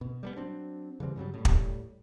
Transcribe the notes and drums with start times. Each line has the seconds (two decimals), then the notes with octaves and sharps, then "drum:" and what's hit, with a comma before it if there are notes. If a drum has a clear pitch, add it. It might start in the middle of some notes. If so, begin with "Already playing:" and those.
0.01 B2
0.23 G3 A3 B3
0.36 F#3 C4 D4
1.00 C#3 E3 G3 C4
1.16 G2 C#3 F#3 G3
1.34 A2 G3
1.45 drum: kick